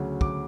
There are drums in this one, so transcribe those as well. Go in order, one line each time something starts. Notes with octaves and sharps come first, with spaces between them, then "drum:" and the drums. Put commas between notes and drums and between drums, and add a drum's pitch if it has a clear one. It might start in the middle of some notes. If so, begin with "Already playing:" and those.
Already playing: D2 C#3 F#3
D6, drum: kick